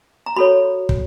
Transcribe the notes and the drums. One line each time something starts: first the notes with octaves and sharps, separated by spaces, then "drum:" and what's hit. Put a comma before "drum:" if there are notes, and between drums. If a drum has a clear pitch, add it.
A#5
F#4 A4 C#5 B5
drum: kick